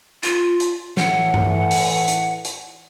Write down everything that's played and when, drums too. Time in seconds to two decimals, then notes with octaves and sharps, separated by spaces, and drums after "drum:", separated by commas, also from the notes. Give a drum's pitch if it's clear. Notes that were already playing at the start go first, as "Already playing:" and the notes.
0.23 F4, drum: hi-hat
0.60 drum: hi-hat
0.97 A2 E3 F#5, drum: snare
1.34 drum: tom G2
1.71 drum: open hi-hat
2.08 drum: hi-hat
2.45 drum: hi-hat